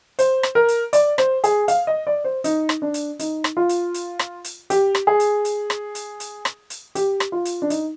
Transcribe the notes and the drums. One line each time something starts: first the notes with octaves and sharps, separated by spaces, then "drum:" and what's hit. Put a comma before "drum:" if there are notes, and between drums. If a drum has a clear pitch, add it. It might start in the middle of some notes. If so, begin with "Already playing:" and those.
C5, drum: hi-hat
drum: rim click
A#4
drum: hi-hat
D5, drum: hi-hat
C5, drum: rim click
G#4, drum: hi-hat
F5, drum: hi-hat
D#5
D5
C5
D#4, drum: hi-hat
drum: rim click
D4
drum: hi-hat
D#4, drum: hi-hat
drum: rim click
F4
drum: hi-hat
drum: hi-hat
drum: rim click
drum: hi-hat
G4, drum: hi-hat
drum: rim click
G#4
drum: hi-hat
drum: hi-hat
drum: rim click
drum: hi-hat
drum: hi-hat
drum: rim click
drum: hi-hat
G4, drum: hi-hat
drum: rim click
F4
drum: hi-hat
D4
D#4, drum: hi-hat